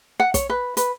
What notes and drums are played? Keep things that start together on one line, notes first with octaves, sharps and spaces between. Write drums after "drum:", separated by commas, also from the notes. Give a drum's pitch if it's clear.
F#5
C#5, drum: kick, hi-hat
B4
B4, drum: hi-hat